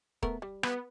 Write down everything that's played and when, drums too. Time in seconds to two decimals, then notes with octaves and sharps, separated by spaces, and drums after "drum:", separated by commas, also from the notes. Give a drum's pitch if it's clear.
0.23 A3 B3 A#4, drum: kick D#1
0.42 G3
0.63 B3, drum: rim click